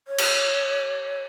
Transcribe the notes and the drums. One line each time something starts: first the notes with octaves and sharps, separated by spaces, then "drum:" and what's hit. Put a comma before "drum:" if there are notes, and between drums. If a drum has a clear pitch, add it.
C#5
drum: cymbal